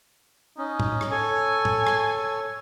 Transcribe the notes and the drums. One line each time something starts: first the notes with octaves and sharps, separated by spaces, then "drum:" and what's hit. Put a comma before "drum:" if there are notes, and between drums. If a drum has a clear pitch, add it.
C#4 D#4
drum: tom
drum: rim click
A4 C#5 G#5
drum: tom
drum: rim click